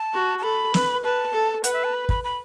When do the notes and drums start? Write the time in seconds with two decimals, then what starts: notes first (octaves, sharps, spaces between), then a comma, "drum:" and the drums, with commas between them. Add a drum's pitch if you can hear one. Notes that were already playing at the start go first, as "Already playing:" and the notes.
Already playing: A5
0.14 F#4
0.39 A5
0.43 A4 B5
0.74 B4, drum: snare
1.04 B4 A5
1.34 A4
1.64 B4 F#5, drum: hi-hat
1.73 E5
1.84 A5
1.94 B5
2.09 B5, drum: kick
2.24 B5